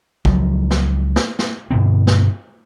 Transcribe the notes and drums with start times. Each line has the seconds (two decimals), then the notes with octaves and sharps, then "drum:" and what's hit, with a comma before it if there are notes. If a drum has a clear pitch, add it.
0.25 C#2 F3 F#3, drum: kick
0.71 drum: snare
1.16 drum: snare
1.39 drum: snare
1.71 G2 B2 D3 C4
2.07 drum: snare